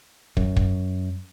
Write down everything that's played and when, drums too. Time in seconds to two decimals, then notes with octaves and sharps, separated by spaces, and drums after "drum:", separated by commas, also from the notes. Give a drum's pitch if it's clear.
0.37 F#2, drum: kick
0.57 drum: kick